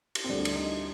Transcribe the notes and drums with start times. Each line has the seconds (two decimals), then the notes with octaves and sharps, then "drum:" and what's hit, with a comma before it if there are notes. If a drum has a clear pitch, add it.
0.15 drum: cymbal
0.24 C4
0.29 D2 D3 G3 D4
0.45 drum: cymbal
0.55 D#4